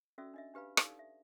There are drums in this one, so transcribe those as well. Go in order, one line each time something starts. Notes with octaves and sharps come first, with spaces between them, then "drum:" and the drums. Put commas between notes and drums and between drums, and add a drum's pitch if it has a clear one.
C#4 F#4 A4 D5 E5 E6
D4 D#5 E5
D4 G4 B4 F5 B5
D#4 G4 A4 D5 F5, drum: rim click
E5